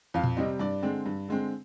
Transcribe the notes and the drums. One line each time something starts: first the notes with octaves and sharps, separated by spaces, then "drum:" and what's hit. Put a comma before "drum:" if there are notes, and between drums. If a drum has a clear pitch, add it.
F2 F5
drum: tom A#2
C3 G3 C4 D#5
G2 D5
D3 G#3 C4
G2
D3 G#3 C4